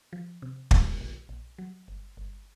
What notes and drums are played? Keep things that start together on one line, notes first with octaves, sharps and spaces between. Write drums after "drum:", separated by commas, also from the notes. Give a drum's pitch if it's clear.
F3
C3
G#3, drum: kick
A#1
A#1
F#3
G1
G1